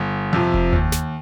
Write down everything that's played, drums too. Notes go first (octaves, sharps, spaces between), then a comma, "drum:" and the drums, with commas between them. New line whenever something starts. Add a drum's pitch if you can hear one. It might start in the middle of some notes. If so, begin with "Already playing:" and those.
Already playing: G1
F2 C3 F3
drum: kick F1
D#2, drum: tom D#2
drum: snare